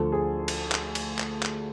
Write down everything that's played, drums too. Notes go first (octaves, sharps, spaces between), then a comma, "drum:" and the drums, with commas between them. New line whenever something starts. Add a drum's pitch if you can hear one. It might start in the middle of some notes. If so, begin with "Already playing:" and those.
Already playing: D2 D3 F3 A4
G#4
drum: cymbal
drum: clap
drum: cymbal
drum: clap
drum: clap